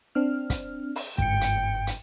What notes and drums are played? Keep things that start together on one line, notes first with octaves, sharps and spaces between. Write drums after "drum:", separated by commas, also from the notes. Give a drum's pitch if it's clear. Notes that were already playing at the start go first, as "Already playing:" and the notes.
C4 D4 F6
drum: kick, hi-hat
drum: open hi-hat
G1 G#2 G5 C#7, drum: kick
drum: hi-hat
drum: hi-hat